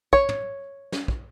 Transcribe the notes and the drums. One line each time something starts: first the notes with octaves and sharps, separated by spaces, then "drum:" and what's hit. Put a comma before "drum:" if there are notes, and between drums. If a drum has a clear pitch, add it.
C#5, drum: kick
drum: tom
drum: snare
drum: kick